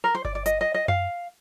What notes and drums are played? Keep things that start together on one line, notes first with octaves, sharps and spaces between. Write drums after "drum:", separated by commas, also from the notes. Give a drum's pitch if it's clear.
A#4
C5
D5, drum: kick G1
D5
D#5, drum: hi-hat
D#5
D#5
F5, drum: tom F#2